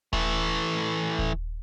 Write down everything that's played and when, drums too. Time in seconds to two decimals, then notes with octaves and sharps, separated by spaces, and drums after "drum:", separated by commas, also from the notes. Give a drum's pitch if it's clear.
0.13 E3 A3, drum: kick D#1
1.19 drum: kick D#1